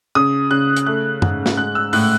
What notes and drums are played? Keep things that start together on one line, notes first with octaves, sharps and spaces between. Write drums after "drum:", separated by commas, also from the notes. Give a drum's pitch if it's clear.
C#3 D#6
C#3 F#6
drum: hi-hat
A3 F#6
G#2, drum: tom
drum: snare
G#3 F#6
E6
A2 F#6, drum: open hi-hat